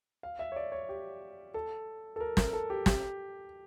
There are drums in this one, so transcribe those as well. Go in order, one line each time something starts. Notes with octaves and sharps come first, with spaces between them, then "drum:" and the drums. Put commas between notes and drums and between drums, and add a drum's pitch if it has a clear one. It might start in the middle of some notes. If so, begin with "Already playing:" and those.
F5
E5
C#5
D5
C#5
G4
A4
A4
A#4
A#4, drum: snare
A4
G4
G4, drum: snare